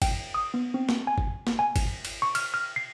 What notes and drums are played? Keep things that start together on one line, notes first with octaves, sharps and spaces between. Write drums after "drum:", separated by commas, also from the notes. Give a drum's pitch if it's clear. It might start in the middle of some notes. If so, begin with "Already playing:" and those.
G5, drum: kick, cymbal
D#6
B3
C4
drum: snare
G#5
drum: kick
drum: snare
G#5
drum: kick, cymbal
drum: cymbal
C#6
F6, drum: cymbal
F6
C7